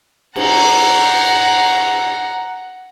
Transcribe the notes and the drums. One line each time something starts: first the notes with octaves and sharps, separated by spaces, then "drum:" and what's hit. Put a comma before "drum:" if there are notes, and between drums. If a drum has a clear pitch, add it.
F#5 A#5, drum: cymbal